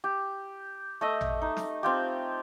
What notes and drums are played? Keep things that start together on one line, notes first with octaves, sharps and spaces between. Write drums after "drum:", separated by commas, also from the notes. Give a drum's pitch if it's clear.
G4
A3 D#5 E5
drum: tom
D#4
drum: snare
C4 F4 G4